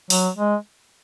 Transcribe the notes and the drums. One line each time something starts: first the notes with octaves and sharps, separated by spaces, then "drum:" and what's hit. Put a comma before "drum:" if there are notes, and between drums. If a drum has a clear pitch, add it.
F#3, drum: open hi-hat
G#3